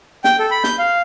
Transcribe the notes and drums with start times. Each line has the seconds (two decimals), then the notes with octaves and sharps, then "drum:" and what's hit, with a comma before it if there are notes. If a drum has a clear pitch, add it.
0.24 G5, drum: snare
0.39 A4
0.51 B5
0.64 G6, drum: snare
0.79 F5